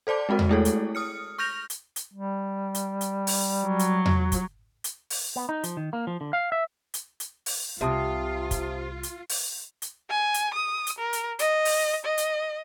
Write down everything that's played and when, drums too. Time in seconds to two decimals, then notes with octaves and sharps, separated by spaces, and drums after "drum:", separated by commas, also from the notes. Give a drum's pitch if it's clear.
0.07 A4 C5 D5 A5 D6
0.29 G#3 C4 F#4 A#4
0.39 drum: tom E2
0.49 G#3 A3 E4 G#4 A4 C#5
0.65 drum: hi-hat
0.95 D#6 F6 C#7
1.38 C#6 F6 G6 A#6 F7
1.70 drum: hi-hat
1.96 drum: hi-hat
2.13 G3
2.75 drum: hi-hat
3.01 drum: hi-hat
3.27 drum: open hi-hat
3.68 F#3
3.79 drum: hi-hat
4.06 drum: tom E2
4.32 drum: kick, hi-hat
4.84 drum: hi-hat
5.10 drum: open hi-hat
5.36 B3
5.49 D#4
5.64 F3, drum: hi-hat
5.77 D#3
5.93 A#3
6.07 F3
6.21 D3
6.33 F5
6.52 E5
6.94 drum: hi-hat
7.20 drum: hi-hat
7.46 drum: open hi-hat
7.81 C2 C3 F4 E5 A5 D#6
8.51 drum: kick, hi-hat
9.03 drum: hi-hat
9.29 drum: open hi-hat
9.82 drum: hi-hat
10.10 G#5
10.34 drum: hi-hat
10.54 D#6
10.87 drum: hi-hat
10.98 A#4
11.13 drum: hi-hat
11.39 D#5, drum: hi-hat
11.65 drum: open hi-hat
12.05 D#5
12.18 drum: hi-hat